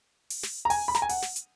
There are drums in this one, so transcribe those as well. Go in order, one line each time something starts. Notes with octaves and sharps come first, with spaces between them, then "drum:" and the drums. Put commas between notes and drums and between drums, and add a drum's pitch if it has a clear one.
drum: open hi-hat
drum: snare
A#5
G#5, drum: open hi-hat
B5
A#5, drum: snare
G#5
F#5, drum: open hi-hat
drum: snare
drum: hi-hat